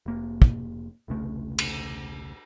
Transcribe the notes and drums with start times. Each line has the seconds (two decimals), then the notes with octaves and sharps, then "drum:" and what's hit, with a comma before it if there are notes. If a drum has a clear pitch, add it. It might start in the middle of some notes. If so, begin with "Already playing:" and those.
0.06 F1 A#3
0.42 drum: kick
1.08 E1 C2 C#3 A3
1.58 drum: cymbal